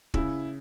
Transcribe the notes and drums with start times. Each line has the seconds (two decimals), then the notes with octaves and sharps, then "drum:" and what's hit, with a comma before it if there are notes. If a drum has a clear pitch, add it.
0.14 C#3 E4, drum: kick